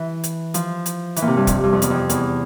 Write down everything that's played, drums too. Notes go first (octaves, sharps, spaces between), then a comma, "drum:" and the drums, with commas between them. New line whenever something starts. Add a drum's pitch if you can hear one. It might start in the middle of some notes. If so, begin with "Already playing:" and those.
Already playing: E3
drum: hi-hat
F3, drum: hi-hat
drum: hi-hat
E3, drum: hi-hat
A#2
C3
G2
F2, drum: kick, hi-hat
G2
F2
E2, drum: hi-hat
F2
E2, drum: hi-hat